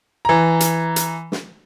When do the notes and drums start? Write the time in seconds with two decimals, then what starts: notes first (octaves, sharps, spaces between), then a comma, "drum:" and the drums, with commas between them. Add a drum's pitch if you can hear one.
0.25 E3 A#5
0.60 drum: hi-hat
0.96 drum: hi-hat
1.32 drum: snare